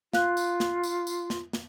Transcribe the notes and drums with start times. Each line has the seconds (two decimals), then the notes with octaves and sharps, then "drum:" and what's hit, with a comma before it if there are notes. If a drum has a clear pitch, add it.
0.13 F4 F5 F#6, drum: snare
0.37 drum: tambourine
0.60 drum: snare
0.83 drum: tambourine
1.07 drum: tambourine
1.30 drum: snare
1.53 drum: snare